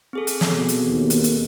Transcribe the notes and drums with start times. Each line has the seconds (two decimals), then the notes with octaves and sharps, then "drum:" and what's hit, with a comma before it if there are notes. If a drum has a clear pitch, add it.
0.13 C4 G#4 A4
0.27 drum: hi-hat
0.41 drum: snare
0.51 B2
0.69 drum: hi-hat
0.90 D#2
1.10 drum: hi-hat
1.24 drum: hi-hat